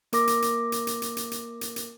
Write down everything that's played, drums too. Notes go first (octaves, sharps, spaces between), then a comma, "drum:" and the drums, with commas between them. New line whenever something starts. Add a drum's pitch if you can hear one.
A#3 A#4 D6 A#6, drum: hi-hat
drum: hi-hat
drum: hi-hat
drum: hi-hat
drum: hi-hat
drum: hi-hat
drum: hi-hat
drum: hi-hat
drum: hi-hat
drum: hi-hat